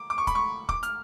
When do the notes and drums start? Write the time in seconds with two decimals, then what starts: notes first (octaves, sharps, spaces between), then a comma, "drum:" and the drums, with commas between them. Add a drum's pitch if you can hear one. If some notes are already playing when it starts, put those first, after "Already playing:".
Already playing: D6
0.10 D6
0.18 C#6
0.27 B5, drum: kick, hi-hat
0.35 C#6
0.69 D6, drum: kick
0.83 F6, drum: hi-hat